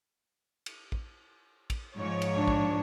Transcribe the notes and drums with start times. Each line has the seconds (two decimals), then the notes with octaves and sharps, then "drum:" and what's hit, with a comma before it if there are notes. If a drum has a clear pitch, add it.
0.66 drum: cymbal
0.92 drum: kick
1.70 drum: kick, cymbal
1.96 G#2 F3 C#5
2.22 drum: cymbal
2.38 D4
2.48 drum: kick